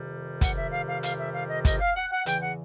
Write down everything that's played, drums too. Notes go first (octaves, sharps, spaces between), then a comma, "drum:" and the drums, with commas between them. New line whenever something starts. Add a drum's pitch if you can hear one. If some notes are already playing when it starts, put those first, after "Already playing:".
Already playing: F2 C3 D#3 G3
F#5, drum: kick, hi-hat
E5
F5
F5
F5, drum: hi-hat
E5
F5
D#5
D#5, drum: kick, hi-hat
F5
F#5
F#5
E2 C#3 E3 G5, drum: hi-hat
F#5